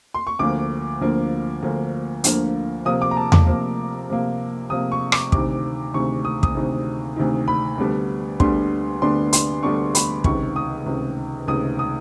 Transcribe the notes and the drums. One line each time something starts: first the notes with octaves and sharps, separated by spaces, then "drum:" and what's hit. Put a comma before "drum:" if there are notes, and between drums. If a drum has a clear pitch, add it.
C6
C#6
D2 D3 F3 A#3 D6
D2 D3 F3 A#3
D2 D3 F3 A#3
D2 D3 F3 A#3, drum: hi-hat
C3 F3 A#3 D#6
D6
A#5
A5
D6, drum: tom E2
C3 F3 A#3
C3 F3 A#3
C3 F3 A#3 D#6
C#6
D6, drum: rim click
D2 C3 D#3 D6, drum: kick
D2 C3 D#3 C#6
D#6
D#6, drum: kick
D2 C3 D#3
D2 C3 D#3
B5
D2 D3 G3 B3 D4
D2 D3 G3 B3 D4 C6, drum: kick
D2 D3 G3 B3 D4 C6
C6, drum: hi-hat
D2 D3 G3 B3 D4 C#6
B5, drum: hi-hat
C#2 C3 D#3 C#6, drum: kick
D#6
C#2 C3 D#3
C#2 C3 D#3 D#6
D#6